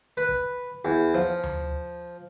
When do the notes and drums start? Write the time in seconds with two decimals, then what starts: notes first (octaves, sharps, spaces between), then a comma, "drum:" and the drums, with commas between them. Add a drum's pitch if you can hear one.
0.17 B4
0.29 drum: kick
0.85 E2
1.14 F3
1.43 drum: tom D2